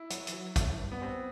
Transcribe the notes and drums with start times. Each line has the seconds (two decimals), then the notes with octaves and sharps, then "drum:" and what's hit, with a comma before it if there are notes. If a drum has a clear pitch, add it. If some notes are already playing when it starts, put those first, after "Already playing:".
Already playing: E4
0.10 F#3, drum: hi-hat
0.27 E3, drum: hi-hat
0.34 F#3
0.56 A2, drum: kick, hi-hat
0.78 G2
0.92 B3
1.01 G2 C4